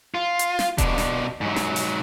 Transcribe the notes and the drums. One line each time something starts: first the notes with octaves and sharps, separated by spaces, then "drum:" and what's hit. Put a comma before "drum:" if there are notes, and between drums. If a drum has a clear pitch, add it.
F4
drum: hi-hat
drum: snare
B2 D4, drum: kick D#1, hi-hat
drum: snare
G#2 F#3
drum: snare
drum: open hi-hat